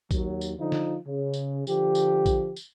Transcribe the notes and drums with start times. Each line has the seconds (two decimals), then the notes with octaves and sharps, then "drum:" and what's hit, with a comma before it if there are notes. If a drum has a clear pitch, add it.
0.11 D#2 F#3, drum: kick, tambourine
0.41 drum: tambourine
0.58 D3 F3 D#4 F4
0.72 drum: snare
1.06 C#3
1.34 drum: tambourine
1.67 D3 F3 G4, drum: tambourine
1.95 drum: tambourine
2.26 drum: kick, tambourine
2.56 drum: tambourine